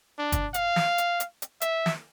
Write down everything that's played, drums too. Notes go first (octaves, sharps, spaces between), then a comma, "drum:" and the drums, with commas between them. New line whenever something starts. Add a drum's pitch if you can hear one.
D4
drum: kick, hi-hat
F5, drum: hi-hat
drum: snare
drum: hi-hat
drum: hi-hat
drum: hi-hat
E5, drum: hi-hat
drum: snare